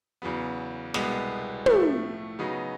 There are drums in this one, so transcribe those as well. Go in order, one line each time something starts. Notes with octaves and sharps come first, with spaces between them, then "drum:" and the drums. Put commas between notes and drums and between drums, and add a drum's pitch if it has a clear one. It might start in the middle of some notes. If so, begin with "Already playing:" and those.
E2 C#3 F#3 B3
C2 B2 G#3 B3, drum: snare
A2 F3 A3, drum: tom
C#3 F#3 B3 D#4 G#4